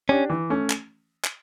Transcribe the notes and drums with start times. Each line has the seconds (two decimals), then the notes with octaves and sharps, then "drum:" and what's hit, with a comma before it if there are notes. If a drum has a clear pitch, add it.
0.09 C#4 D4 G4
0.30 E3
0.50 A3 C#4
0.70 drum: clap
1.25 drum: clap